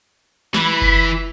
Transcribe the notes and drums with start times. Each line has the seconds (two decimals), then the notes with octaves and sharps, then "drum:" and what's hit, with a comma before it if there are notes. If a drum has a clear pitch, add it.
0.54 E3 B5, drum: snare
0.82 drum: kick F#1